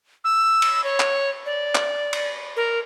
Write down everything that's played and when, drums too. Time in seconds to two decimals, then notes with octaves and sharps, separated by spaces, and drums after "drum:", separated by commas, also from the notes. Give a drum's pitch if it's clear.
0.24 E6
0.62 drum: cymbal
0.84 C#5
1.00 drum: clap
1.46 D5
1.75 drum: clap
2.13 drum: cymbal
2.56 A#4